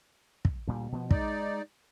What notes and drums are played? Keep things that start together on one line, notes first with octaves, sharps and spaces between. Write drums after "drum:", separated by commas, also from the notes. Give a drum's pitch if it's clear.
drum: kick
D2 A#2 G3
B2 F3 B3
G#3 D#4 D5, drum: kick